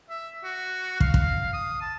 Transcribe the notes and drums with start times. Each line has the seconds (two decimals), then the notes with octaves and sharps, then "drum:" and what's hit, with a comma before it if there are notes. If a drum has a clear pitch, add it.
0.10 E5
0.44 F#4
1.00 F5, drum: kick
1.14 drum: kick
1.54 D#6
1.82 A5